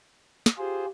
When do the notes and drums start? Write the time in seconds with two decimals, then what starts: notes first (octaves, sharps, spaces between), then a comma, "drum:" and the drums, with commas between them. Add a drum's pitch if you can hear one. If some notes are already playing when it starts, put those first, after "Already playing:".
0.46 drum: snare
0.58 F4 G4 G#4 C5